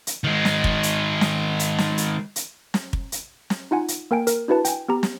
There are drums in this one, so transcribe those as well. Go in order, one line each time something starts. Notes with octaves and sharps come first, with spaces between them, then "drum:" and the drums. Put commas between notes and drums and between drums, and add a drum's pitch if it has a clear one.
drum: hi-hat
D#3 G#3
drum: snare
drum: kick
drum: hi-hat
drum: snare
drum: hi-hat
drum: snare
drum: hi-hat
drum: hi-hat
drum: snare
drum: kick
drum: hi-hat
drum: snare
D#4 F4 F#5 G#5
drum: hi-hat
A#3 A#4 G5 G#5 D7
A#4, drum: hi-hat
D4 E4 F#4 B4 A5
G5 G#5, drum: hi-hat
B3 G4 A#5
drum: snare